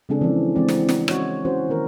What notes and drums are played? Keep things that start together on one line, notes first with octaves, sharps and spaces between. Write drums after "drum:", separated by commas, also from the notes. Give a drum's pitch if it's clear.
C#3 G#3 C4 D4 G#4 A4
E3 F3 C4 C#4
E3 G#3 C4 D5
drum: snare
drum: snare
C#4 F#4 C5 C#5 D#5, drum: rim click
E3 C#4 F#4 C5
D#3 A#3 A#4